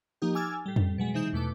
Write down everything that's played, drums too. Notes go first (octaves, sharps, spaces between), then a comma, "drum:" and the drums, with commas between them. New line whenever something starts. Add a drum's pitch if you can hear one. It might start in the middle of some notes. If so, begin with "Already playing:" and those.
F3 A#3 D#4 G4
G#5 D6 E6 F6 G#6 A6
A2 G3
drum: tom F2
B2 F#3 G#3
C3 E3 G#3 D#4 G6 E7
E2 B2 A3 D6